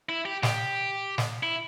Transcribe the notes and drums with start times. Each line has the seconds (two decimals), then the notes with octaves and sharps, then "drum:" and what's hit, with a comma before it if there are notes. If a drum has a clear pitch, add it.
0.09 E4
0.25 G4
0.43 G4, drum: snare
1.18 drum: snare
1.43 E4